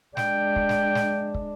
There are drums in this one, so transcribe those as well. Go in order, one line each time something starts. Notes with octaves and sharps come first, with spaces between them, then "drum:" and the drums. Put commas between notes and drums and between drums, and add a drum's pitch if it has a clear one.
G#3 D4 G5, drum: snare
drum: kick
drum: snare
drum: snare
drum: kick